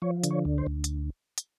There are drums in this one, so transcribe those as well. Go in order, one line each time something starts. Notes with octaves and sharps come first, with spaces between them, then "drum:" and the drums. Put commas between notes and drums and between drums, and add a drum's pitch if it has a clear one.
F3 C#5
D3, drum: hi-hat
C#5
D2
C5
D2
drum: hi-hat
drum: hi-hat